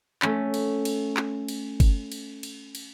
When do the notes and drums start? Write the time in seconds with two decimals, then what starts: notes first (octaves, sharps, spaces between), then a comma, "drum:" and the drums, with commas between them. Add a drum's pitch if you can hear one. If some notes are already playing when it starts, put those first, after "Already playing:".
0.22 A3 C#4, drum: clap
0.54 drum: cymbal
0.85 drum: cymbal
1.17 drum: clap
1.48 drum: cymbal
1.80 drum: kick G1, cymbal
2.12 drum: cymbal
2.43 drum: cymbal
2.75 drum: cymbal